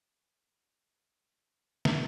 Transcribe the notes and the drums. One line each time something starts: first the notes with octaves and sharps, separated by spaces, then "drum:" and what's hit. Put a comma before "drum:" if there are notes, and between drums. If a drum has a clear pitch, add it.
D4 F4 G#4 C5 G5 B5
drum: snare